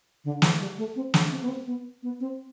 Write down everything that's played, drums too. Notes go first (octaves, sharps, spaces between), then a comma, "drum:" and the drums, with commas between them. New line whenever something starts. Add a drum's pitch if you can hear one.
D3
E3, drum: snare
G3
A3
C4
D4, drum: snare
C4
B3
C4
B3
B3
C4